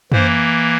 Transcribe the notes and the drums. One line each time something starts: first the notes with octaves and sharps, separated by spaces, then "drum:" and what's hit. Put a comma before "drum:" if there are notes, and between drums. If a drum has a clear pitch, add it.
E3 A#3 C5, drum: tom F#2